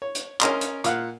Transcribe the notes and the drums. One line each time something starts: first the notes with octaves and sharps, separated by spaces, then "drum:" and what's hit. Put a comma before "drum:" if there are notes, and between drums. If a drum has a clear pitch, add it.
C#5
drum: hi-hat
C#4 A#4 D#5 A#5 C6, drum: clap
drum: hi-hat
A#2 F5 F#5, drum: hi-hat